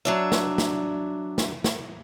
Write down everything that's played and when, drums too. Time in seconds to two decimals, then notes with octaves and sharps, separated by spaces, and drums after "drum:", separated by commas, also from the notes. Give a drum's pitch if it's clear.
0.05 F#3 D4 E5
0.32 drum: snare
0.58 drum: snare
1.38 drum: snare
1.64 drum: snare